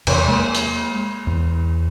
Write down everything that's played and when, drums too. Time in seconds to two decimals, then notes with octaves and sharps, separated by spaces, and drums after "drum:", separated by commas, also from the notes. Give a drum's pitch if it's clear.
0.07 E2 C3, drum: cymbal
0.28 G#3 A#3
0.55 drum: hi-hat
1.27 E2